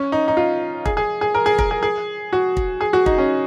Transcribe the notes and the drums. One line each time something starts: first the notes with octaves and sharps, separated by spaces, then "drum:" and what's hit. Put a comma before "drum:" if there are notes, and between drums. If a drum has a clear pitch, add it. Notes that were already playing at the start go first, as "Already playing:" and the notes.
Already playing: C#4
D#4
D#4
F4
G#4, drum: kick
G#4
G#4
A#4
G#4
A#4, drum: kick
G#4
G#4
F#4
drum: kick
G#4
F#4
D#4, drum: kick
C#4